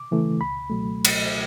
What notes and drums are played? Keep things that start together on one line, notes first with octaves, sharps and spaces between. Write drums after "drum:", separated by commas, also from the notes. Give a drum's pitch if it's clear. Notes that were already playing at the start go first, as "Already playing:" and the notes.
Already playing: D6
C#3 E3 A3
C#2 B5
B2 F#3 A3
drum: cymbal